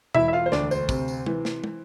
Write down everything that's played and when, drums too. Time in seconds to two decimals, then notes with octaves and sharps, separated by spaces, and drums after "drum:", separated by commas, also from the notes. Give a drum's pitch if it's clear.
0.15 E1 E4 E5, drum: tom B2
0.28 E5
0.33 F4 F5
0.46 C5
0.52 D2 D4 D5, drum: snare
0.71 C5, drum: tambourine
0.89 C3, drum: kick, tambourine
1.08 drum: tambourine
1.26 E3, drum: tom
1.45 drum: snare
1.64 drum: tom